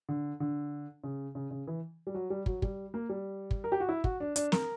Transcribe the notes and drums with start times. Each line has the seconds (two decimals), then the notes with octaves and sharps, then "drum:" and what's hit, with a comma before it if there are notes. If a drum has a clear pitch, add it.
0.09 D3
0.40 D3
1.04 C#3
1.35 C#3
1.51 C#3
1.67 E3
2.07 G3
2.14 F#3
2.30 G3
2.46 F#3, drum: kick
2.62 G3, drum: kick
2.94 A#3
3.09 G3
3.51 drum: kick
3.64 A#4
3.72 G4
3.80 F#4
3.89 E4
4.04 F#4, drum: kick
4.20 D4
4.36 D4, drum: hi-hat
4.52 A#4, drum: snare